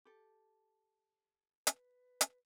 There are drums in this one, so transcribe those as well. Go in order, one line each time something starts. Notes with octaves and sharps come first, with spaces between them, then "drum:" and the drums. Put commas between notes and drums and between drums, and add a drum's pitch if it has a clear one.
G4 A4
B4, drum: hi-hat
drum: hi-hat